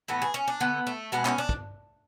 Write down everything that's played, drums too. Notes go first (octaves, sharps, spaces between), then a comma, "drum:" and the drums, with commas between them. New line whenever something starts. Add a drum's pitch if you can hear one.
A2 E3 A3 B3
G#4
C#4
D4
D3 A3 B3
A3
B2 G#3 B3
C#4, drum: clap
D4
drum: kick